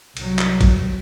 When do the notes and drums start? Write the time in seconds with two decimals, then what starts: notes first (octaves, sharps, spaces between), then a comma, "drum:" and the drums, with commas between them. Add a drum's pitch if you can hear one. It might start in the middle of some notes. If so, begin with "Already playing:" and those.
0.17 C2 F#3, drum: cymbal
0.39 drum: clap
0.61 drum: kick, cymbal